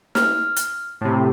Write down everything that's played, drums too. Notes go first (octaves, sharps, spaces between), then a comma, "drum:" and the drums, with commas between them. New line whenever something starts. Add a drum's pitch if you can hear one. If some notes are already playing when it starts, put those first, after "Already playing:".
F6, drum: snare
drum: hi-hat
A2 C3